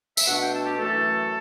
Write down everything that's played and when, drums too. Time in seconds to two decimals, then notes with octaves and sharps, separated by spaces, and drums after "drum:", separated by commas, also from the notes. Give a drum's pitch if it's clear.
0.17 E5, drum: tambourine
0.27 B2 A3 D4 F#5
0.40 G5
0.53 A4
0.66 G4
0.78 F#2 E3 A3 A4